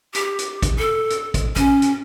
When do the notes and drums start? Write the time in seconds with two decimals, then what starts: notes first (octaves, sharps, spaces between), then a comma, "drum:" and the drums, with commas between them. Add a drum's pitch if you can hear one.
0.15 G4, drum: hi-hat
0.39 drum: hi-hat
0.62 drum: kick, hi-hat
0.79 A4
1.10 drum: hi-hat
1.34 drum: kick, hi-hat
1.56 C#4, drum: kick, hi-hat
1.82 drum: hi-hat